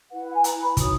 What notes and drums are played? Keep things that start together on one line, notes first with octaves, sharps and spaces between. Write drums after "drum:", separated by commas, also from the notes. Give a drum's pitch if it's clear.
E4 B4 F#5
F#5
G#5
A#5, drum: hi-hat
B5
D#4 F#4 C#5 D#6, drum: kick, hi-hat